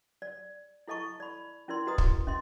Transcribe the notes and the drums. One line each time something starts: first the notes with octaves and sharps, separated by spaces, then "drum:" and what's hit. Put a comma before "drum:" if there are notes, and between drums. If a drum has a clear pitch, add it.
D5
E4 A4 D#5 A5 C#6
D5 B5
C#4 E4 A#4 D5 C6
F#4 B4 D#5 A#5 D#6
drum: kick
C#4 D#5 E5 C6